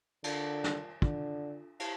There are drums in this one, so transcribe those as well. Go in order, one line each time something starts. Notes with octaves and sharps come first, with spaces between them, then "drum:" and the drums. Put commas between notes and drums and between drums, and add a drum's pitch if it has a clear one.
D3 F4 A#4 D5 F5 A5, drum: cymbal
drum: snare
D3 D4 F4 A4, drum: kick
E4 G4 C5 F5 A5, drum: cymbal